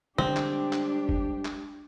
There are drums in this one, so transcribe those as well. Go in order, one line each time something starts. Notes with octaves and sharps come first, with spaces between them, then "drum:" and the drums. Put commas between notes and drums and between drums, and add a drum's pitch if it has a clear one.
D3 G3 G#3 C4 D4 G4
drum: clap
drum: clap
drum: kick F1
drum: clap